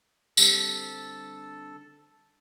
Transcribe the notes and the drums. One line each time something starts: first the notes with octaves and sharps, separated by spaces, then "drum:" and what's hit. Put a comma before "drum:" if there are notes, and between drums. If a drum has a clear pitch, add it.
D3 G3 C4 A4, drum: tambourine